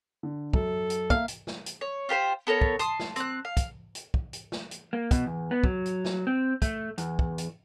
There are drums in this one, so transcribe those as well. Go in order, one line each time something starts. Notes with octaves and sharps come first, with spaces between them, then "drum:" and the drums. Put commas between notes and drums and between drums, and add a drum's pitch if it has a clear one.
D3
F#2 A4, drum: kick
drum: hi-hat
A#3 E5 F5, drum: kick
drum: hi-hat
drum: snare
drum: hi-hat
C#5
F4 G4 B4 C5
B3 A4 A#4 C#5
drum: kick
A5 C6 D#6, drum: hi-hat
drum: snare
C4 F#6, drum: hi-hat
F5
drum: kick, hi-hat
drum: hi-hat
drum: kick
drum: hi-hat
drum: snare
drum: hi-hat
A#3
B2, drum: kick, hi-hat
E2
B3
F#3, drum: kick
drum: hi-hat
drum: snare
C4
A3, drum: kick, hi-hat
E2, drum: hi-hat
drum: kick
drum: hi-hat